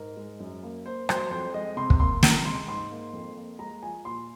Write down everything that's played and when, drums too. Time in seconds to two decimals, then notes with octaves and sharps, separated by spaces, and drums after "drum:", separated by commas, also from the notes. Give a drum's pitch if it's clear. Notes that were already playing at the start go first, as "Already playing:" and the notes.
Already playing: G#2 A#4
0.17 G#3
0.40 F#2
0.63 A#3
0.85 A#3 C5
1.09 F#3 C5, drum: rim click
1.31 F2 C5
1.54 G#3 D#5
1.77 C3 C6
1.90 drum: kick
2.00 A#3 C6
2.23 C3 A#5, drum: snare
2.45 G#3 C6
2.68 G#2 C6
2.91 A#3
3.13 F2
3.37 A#3
3.59 G#3 A#5
3.83 F3 G#5
4.05 A#2 C6